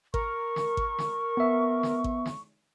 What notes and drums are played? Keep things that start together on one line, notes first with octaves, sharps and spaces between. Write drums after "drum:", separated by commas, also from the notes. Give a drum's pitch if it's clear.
A#4 C#6, drum: kick G#1
drum: snare
drum: kick G#1
drum: snare
B3 E5
drum: snare
drum: kick G#1
drum: snare